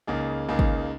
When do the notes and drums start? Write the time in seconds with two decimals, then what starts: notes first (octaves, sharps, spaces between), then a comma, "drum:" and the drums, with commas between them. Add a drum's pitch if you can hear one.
0.07 C#2 C#3 A#3 D#4 G#4
0.48 C#2 C#3 A#3 D#4 G#4
0.59 drum: kick G#1